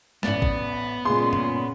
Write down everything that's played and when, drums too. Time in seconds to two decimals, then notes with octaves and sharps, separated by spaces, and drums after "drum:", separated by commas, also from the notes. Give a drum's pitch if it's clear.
0.23 A1 B3 D5 A6, drum: snare
0.42 drum: kick A1
1.05 A#2 C#3 G#3 F4 G#4 C6
1.33 drum: tom F#2